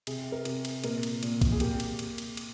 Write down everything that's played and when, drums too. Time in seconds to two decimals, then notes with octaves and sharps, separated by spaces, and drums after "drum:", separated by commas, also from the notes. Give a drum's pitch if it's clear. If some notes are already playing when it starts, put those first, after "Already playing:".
0.07 C3 G#4, drum: cymbal
0.32 A#4
0.45 C3, drum: cymbal
0.65 drum: cymbal
0.84 A#2 A#4, drum: cymbal
1.03 drum: cymbal
1.23 A#2, drum: cymbal
1.41 drum: kick, cymbal
1.52 G#4
1.60 A#3 G4, drum: cymbal
1.80 drum: cymbal
1.99 drum: cymbal
2.18 drum: cymbal
2.37 drum: cymbal